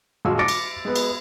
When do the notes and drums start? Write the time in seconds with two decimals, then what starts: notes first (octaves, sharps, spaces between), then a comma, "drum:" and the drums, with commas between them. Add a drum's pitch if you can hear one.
0.25 D#1 G#3 F4 F#4 E6
0.39 D6 A6 A#6 C#7 D7
0.48 drum: cymbal
0.85 G#3 B3
0.96 drum: cymbal